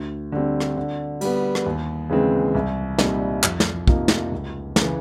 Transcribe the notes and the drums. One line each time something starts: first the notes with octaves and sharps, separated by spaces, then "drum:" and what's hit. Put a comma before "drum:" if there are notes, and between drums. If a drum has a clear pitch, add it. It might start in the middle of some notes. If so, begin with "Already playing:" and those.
Already playing: D2
D3 G3 C4
drum: rim click
D3
G3 B3, drum: cymbal
drum: rim click
D#2
C#3 E3 G#3 C4
C2
A#2 G3 C4 D#4, drum: snare
F2, drum: clap
drum: snare
C3 F3 A#3 D#4, drum: kick
drum: snare
C#2
C#3 E3, drum: snare